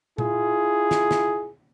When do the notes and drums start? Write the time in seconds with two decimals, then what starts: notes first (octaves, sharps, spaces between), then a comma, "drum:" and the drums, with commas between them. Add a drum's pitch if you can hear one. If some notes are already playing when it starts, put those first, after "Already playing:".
0.18 E4 F4 G#4, drum: tom A#2
0.91 drum: snare
1.11 drum: snare